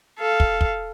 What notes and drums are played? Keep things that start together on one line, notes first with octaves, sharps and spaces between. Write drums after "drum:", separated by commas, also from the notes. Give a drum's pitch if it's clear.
A4 F5
drum: kick
drum: kick